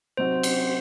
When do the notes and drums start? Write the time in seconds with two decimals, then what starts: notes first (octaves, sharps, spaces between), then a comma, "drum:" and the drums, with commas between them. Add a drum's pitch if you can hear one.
0.17 C3 F#3 C4 D#4 F#4 C5
0.43 drum: cymbal